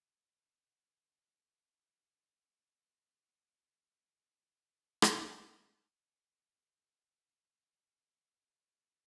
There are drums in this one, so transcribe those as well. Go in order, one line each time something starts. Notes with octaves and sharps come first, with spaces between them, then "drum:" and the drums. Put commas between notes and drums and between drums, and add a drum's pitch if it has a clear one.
D#5
D4
D#4
B5
A3
E4
A5
D#3 B3 C4 A#4 B5
drum: rim click
C#2 A2 F4
B1 E2
C3 G4 A4 B4 F5
A#3 D4 F#4
A#2 G5
B2 E5
G3 F4
E4 A#4
C3 G3 G#3 A#3